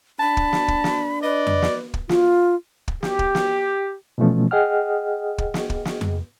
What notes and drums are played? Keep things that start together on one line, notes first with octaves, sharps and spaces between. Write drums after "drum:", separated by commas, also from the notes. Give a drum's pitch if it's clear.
D4 A5 B5
drum: kick
drum: snare
drum: kick
drum: snare
B4 D5 D#5
drum: tom F2
drum: snare
drum: kick
F4, drum: snare
drum: kick
G4, drum: snare
drum: kick
drum: snare
B2 E3 F3 A3 C#4
G#4 D#5 F#5 G5 F6
drum: kick
drum: snare
drum: kick
drum: snare
drum: tom F2